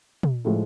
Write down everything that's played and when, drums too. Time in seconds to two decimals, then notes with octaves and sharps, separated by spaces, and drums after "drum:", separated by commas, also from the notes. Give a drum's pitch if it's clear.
0.23 drum: tom
0.45 A2 F3 G#3